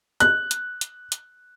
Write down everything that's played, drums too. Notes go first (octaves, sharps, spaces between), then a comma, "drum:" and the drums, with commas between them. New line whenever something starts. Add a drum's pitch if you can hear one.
F#6, drum: hi-hat
drum: hi-hat
drum: hi-hat
drum: hi-hat